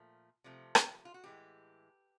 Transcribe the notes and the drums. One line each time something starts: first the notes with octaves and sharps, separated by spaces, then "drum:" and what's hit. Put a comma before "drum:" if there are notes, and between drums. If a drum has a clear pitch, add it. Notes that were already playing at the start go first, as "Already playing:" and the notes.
Already playing: A#2 F3 A3
C3 F3 A3
drum: rim click
F4
F#4
A2 E3 G#3 G4